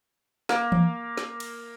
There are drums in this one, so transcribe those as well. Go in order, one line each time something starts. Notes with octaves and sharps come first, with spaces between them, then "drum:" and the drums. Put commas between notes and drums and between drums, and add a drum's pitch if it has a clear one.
A#3, drum: snare
drum: tom E3
drum: snare
drum: cymbal